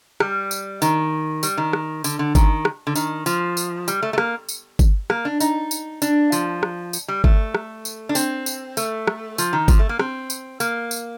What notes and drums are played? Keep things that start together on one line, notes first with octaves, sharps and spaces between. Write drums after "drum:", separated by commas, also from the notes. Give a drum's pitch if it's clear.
G3, drum: rim click
drum: tambourine
D#3, drum: tambourine
G3, drum: tambourine
D#3
drum: rim click
D3, drum: tambourine
D3
D#3, drum: kick G1, tambourine
drum: rim click
D3
D#3, drum: tambourine
F3, drum: tambourine
drum: tambourine
G3, drum: tambourine
A3
A3
A#3, drum: rim click
drum: tambourine
drum: kick G1, tambourine
A#3, drum: rim click
D4
D#4, drum: tambourine
drum: tambourine
D4, drum: tambourine
F3, drum: tambourine
drum: rim click
drum: tambourine
G3
A3, drum: kick G1
drum: rim click
drum: tambourine
D4
C4, drum: tambourine
drum: tambourine
A3, drum: tambourine
drum: rim click
F3, drum: tambourine
D#3
F3, drum: kick G1, tambourine
A3
A#3
C4, drum: rim click
drum: tambourine
A#3, drum: tambourine
drum: tambourine